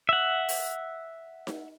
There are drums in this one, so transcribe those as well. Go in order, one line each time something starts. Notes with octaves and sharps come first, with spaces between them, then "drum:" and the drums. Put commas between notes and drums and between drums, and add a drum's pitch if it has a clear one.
E5 F#5
drum: open hi-hat
drum: snare D#4